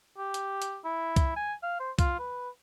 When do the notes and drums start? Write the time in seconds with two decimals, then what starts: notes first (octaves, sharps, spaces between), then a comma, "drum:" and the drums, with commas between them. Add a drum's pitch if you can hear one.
0.18 G4
0.34 drum: hi-hat
0.62 drum: hi-hat
0.85 E4
1.16 drum: kick C2, hi-hat
1.36 G#5
1.63 F5
1.80 C5
1.99 F4, drum: kick C2, hi-hat
2.19 B4